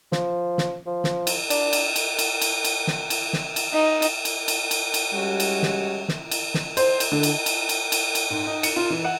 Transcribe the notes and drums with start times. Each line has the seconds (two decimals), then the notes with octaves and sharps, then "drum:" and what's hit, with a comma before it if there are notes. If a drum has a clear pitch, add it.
0.12 F3, drum: snare
0.58 drum: snare
0.87 F3
1.04 drum: snare
1.27 drum: cymbal
1.50 D4, drum: cymbal
1.73 drum: cymbal
1.96 drum: cymbal
2.19 drum: cymbal
2.41 drum: cymbal
2.64 drum: cymbal
2.87 drum: snare
3.10 drum: cymbal
3.33 drum: snare
3.56 drum: cymbal
3.73 D#4
4.02 drum: cymbal
4.25 drum: cymbal
4.48 drum: cymbal
4.71 drum: cymbal
4.94 drum: cymbal
5.13 G3 G#3 C#4 F#4
5.40 drum: cymbal
5.63 drum: snare
6.08 drum: snare
6.31 drum: cymbal
6.54 drum: snare
6.77 C5, drum: cymbal
7.00 drum: cymbal
7.12 D3
7.23 drum: cymbal
7.46 drum: cymbal
7.69 drum: cymbal
7.92 drum: cymbal
8.15 drum: cymbal
8.30 G#2
8.47 D#4
8.63 C#7, drum: cymbal
8.76 F4
8.90 E3
9.05 F#5